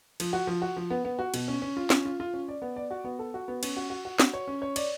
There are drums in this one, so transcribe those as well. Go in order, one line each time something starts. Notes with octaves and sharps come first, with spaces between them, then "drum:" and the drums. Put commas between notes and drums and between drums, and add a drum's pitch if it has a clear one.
F3, drum: cymbal
F#4
F3
F#4
F3
B3
B3
F#4
B2, drum: cymbal
C#4
C#4
F4
C#4, drum: snare
F4
F4
C#4
D5
B3
D5
F#4
B3
A4
F#4
B3
C#4, drum: cymbal
F#4
F#4
F#4
F#4, drum: snare
C#5
C#4
C#5
D5, drum: cymbal